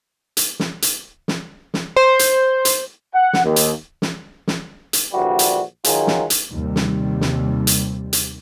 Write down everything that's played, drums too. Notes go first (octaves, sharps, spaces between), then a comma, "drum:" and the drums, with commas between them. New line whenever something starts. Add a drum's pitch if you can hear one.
drum: hi-hat
drum: snare
drum: hi-hat
drum: snare
drum: snare
C5
drum: hi-hat
drum: hi-hat
F#5
drum: snare
D#2
drum: hi-hat
drum: snare
drum: snare
drum: hi-hat
A#1 D3 E3 G3 F#4
drum: hi-hat
D#3 F#3 D#4 F4 G#4, drum: hi-hat
drum: snare
drum: hi-hat
D#2 C3 G3
drum: snare
drum: snare
drum: hi-hat
drum: hi-hat